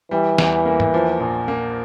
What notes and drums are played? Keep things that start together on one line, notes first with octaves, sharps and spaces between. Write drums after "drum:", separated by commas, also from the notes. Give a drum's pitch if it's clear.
E3 G3
E2, drum: snare
A#3
drum: tom
F3
A#1
A#3